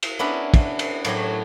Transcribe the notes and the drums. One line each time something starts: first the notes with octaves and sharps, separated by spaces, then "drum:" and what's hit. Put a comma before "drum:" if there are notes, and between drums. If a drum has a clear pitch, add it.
drum: cymbal
B3 C#4 D4 E4 B4 A#5
drum: kick, cymbal
drum: cymbal
A2 F#3 G4 C#5, drum: cymbal